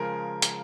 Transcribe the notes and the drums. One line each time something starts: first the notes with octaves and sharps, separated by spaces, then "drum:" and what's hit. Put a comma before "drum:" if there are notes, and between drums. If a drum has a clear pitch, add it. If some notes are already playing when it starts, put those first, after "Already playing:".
Already playing: C#3 F3 G#3 A#4
drum: hi-hat